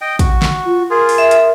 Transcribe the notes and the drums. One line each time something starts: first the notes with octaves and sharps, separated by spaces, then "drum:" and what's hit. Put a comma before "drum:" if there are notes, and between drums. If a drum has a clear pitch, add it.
D#5 G5
F#4, drum: kick, hi-hat
drum: snare
F4
F4 G#4 A#4
drum: open hi-hat
E5
drum: hi-hat